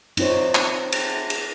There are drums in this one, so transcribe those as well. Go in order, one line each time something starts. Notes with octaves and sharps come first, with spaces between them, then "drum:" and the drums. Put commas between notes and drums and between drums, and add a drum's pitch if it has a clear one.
C4 D#4 F4 C5 C#5, drum: cymbal
drum: clap
drum: cymbal
drum: cymbal